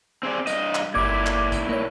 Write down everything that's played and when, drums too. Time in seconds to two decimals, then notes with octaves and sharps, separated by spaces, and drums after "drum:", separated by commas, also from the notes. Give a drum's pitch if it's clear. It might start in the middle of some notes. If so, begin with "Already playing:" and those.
0.23 C4 G#4 D5
0.47 G2 D#5, drum: hi-hat
0.75 drum: clap
0.94 G1 A#2 E4 D6 G#6
1.26 drum: clap
1.52 drum: kick, hi-hat
1.69 A#3 C#5